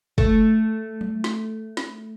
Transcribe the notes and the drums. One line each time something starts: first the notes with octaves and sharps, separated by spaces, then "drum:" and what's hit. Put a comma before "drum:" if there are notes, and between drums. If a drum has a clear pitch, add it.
A3, drum: kick
drum: tom F#3
drum: snare
drum: snare